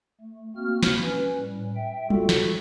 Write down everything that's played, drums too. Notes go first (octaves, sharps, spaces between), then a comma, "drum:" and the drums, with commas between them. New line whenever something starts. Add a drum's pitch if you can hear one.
A3
A#3 C4 F#4 F6
drum: snare
C#4 B4
A2 G3
E5 G5
F4 F#4 A4, drum: tom F#3
drum: snare